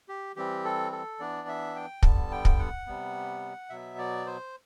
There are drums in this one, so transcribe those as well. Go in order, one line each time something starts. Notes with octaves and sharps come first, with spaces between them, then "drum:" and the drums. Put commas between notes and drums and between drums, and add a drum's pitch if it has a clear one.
G4
E3 G3 C4 G4
A4
A4
E3 B3 D4 D5
E5
G5
D3 G3 B3 A5, drum: kick
G5
drum: kick
F#5
C3 G3 B3
B2 F#3 B3 E5
D5
C5